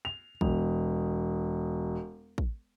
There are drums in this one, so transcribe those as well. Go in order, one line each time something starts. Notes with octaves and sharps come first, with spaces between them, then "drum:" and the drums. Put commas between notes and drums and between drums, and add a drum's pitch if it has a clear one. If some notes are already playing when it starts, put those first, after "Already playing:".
F7
E1, drum: kick
drum: kick